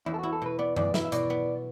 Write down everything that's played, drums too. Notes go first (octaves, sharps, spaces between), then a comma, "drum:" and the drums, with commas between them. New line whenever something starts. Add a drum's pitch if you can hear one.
E2 E4
A4
E4 F#4
A4
B2 B4
B3 D5
E2 D5, drum: tom F#2
E4 E5, drum: snare
E5
B2 D5, drum: hi-hat
B3